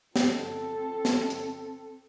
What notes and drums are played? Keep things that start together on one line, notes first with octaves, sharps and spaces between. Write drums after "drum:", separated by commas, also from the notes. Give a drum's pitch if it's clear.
C4 A4, drum: snare
drum: snare
drum: hi-hat